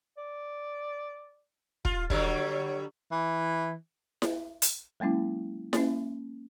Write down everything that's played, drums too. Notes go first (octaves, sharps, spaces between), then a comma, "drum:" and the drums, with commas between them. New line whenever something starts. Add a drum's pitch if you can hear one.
D5
F4, drum: kick
D3 F#3 G3 C#5, drum: kick
E3
drum: snare E4
drum: hi-hat
F#3 G#3 A#3 C#4 E4
A#3 C#4, drum: snare E4